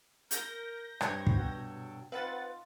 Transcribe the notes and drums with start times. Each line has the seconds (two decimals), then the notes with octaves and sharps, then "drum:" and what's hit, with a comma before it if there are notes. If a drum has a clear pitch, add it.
0.31 A#4 G6 A#6, drum: hi-hat
1.01 G2 C4 B4 C#5 G#6, drum: rim click
1.27 drum: kick
1.37 B2 F#3 F#4 A4 G5
2.12 C4 D#4 F4 B4 F5 F#5 A6